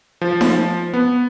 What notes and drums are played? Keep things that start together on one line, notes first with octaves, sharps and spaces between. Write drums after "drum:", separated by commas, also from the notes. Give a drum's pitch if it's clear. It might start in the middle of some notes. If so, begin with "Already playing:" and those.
F3
drum: snare D#4
B3